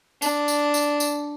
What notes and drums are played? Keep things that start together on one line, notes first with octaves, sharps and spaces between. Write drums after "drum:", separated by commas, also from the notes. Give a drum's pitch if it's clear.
D4, drum: tambourine
drum: tambourine
drum: tambourine
drum: tambourine